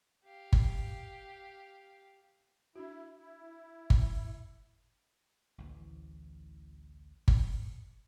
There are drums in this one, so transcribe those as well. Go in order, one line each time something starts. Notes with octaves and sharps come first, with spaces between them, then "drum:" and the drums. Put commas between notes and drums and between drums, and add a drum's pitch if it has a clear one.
G4 F5
drum: kick G1
D4 E4 F#4
E4
drum: kick G1
A1 D2 E3
drum: kick G1